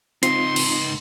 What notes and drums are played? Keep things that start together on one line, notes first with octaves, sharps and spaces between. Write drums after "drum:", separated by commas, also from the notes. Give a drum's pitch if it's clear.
C#2 C4 D#4 F4 C6 C7, drum: hi-hat
drum: cymbal